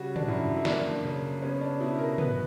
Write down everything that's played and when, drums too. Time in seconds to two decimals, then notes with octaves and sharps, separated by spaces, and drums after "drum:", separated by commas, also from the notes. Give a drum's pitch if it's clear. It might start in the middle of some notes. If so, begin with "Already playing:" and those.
Already playing: C#3 G3 F#4
0.16 D4, drum: tom
0.28 F#2 E4
0.57 E4
0.65 A#3 D4, drum: snare
1.04 C#3
1.42 B3 C#4
1.61 D4
1.80 B2 E4
1.99 A#4
2.10 A#4
2.18 B3 B4, drum: tom